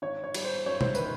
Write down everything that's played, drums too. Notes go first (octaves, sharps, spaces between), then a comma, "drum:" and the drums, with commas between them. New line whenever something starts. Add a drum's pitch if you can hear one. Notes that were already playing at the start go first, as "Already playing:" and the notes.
G#1 C#5
C#5
G3, drum: cymbal
C5
F#2 C#5
C5, drum: tom B2
D#3 B4, drum: tambourine